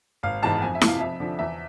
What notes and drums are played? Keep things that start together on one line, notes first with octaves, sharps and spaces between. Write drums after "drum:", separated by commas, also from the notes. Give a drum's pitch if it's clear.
G#1 F5
G#2 E3 G#3 B3 A5
F2 G#5
E5
C3 F3, drum: snare E4
F5
F2 E5
D3 F3
E2 E5